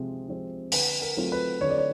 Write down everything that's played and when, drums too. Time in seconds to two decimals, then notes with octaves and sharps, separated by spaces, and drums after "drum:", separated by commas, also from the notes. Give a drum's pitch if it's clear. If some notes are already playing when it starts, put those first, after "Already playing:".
Already playing: C3 F3 G#3 C4
0.28 F3 G#3 C4
0.72 D3 B4, drum: open hi-hat
1.02 A#4
1.17 F#3 A3 C4 F4
1.32 B4
1.61 D3 C#5
1.70 D5
1.78 C#5